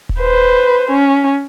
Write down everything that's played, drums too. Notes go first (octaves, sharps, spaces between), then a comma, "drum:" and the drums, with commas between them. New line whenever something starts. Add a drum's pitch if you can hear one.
drum: kick D#1
B4 C5
C#4